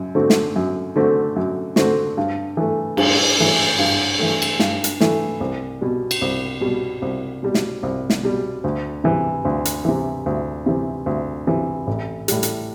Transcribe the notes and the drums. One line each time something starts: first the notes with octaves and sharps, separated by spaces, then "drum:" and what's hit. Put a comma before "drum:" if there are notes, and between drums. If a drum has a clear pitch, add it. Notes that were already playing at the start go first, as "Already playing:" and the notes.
Already playing: F#2
D3 A3 C4 F#4
drum: snare
F#2
D3 A3 C4 F#4
F#2
D3 A3 C4 F#4, drum: snare
G2
E3 A3
G2, drum: cymbal
E3 A3
G2
E3 A3
drum: cymbal
G2, drum: snare
drum: hi-hat
E3 A3, drum: snare
C2
B2 G3
drum: cymbal
C2
B2 G3
C2
B2 G3
drum: snare
C2
drum: snare
B2 G3
D2
C3 E3
D2
drum: hi-hat
C3 E3
D2
C3 E3
D2
C3 E3
A1
A2 G3, drum: hi-hat
drum: hi-hat